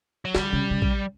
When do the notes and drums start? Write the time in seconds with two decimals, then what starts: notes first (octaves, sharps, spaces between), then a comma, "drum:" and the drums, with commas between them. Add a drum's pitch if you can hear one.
0.25 F#3
0.35 D3 G3, drum: snare
0.53 C#3
0.71 C#3
0.82 drum: kick